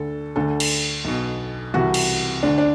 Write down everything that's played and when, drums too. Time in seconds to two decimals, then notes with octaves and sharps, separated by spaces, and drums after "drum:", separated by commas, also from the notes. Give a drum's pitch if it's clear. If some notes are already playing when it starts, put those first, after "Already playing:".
Already playing: D2 D3 A4
0.36 D2 D3 A4
0.60 drum: cymbal
1.05 B1 B2
1.74 C2 C3 E3 F#4
1.94 drum: cymbal
2.43 D2 D3 D4
2.58 D4